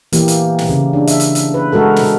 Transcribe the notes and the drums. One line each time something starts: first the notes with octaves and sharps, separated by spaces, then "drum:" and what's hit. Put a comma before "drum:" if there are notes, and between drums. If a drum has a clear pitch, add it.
E3 A#3 G4, drum: hi-hat
drum: hi-hat
drum: snare
C#3
D4
E5, drum: hi-hat
drum: hi-hat
drum: hi-hat
B4
G#3 F#4 A4 A#4
drum: snare